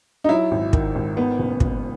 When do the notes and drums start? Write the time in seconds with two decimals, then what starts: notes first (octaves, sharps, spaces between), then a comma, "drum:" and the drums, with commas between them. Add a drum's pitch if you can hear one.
0.24 D#4
0.29 F#3 E4
0.51 G#1
0.73 D#3, drum: kick
0.95 G#1
1.17 D#3 B3
1.39 F#1
1.60 F#1, drum: kick